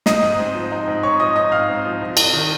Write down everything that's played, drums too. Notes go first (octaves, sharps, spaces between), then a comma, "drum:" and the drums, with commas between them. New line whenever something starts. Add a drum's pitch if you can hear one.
D#4 D#5 D#6, drum: snare
G#2
C4
F3
D#4
G#2
C4 C#5 C#6
F3 D#5 D#6
D#4 D#5 D#6
G#2 F5 F6
C4
F3
C2
C2, drum: cymbal
D#3